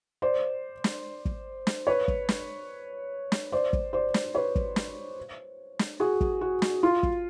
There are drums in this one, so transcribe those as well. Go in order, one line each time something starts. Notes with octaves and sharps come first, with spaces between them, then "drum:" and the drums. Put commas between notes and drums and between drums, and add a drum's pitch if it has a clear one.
C5 D5
drum: snare
drum: kick
drum: snare
B4 C#5
drum: kick
drum: snare
drum: snare
C5 D5
drum: kick
C5 D5
drum: snare
B4 C#5
drum: kick
drum: snare
drum: snare
F#4 G#4
drum: kick
F#4
drum: snare
F4
drum: kick